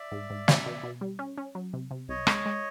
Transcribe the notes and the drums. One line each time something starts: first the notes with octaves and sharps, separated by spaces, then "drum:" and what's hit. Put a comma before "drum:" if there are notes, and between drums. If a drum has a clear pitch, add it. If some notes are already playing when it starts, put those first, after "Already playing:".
Already playing: D5 E5
G#2
G#2
C#4, drum: snare
B2
B2
G3
C#4
C#4
F#3
C3
C3
C2 C#5 D#5
G#3, drum: rim click
G#3